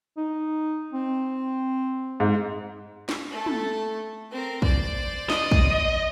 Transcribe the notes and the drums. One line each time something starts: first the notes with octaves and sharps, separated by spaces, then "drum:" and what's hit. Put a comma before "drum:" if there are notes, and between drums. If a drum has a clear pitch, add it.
D#4
C4
G#2
drum: snare
A3 A4
drum: tom
C4 A#4
C5 D5, drum: kick
D#5, drum: snare
drum: kick